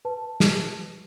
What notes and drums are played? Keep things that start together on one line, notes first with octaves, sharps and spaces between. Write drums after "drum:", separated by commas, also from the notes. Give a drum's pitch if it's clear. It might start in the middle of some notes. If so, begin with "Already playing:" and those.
B4 A5
drum: snare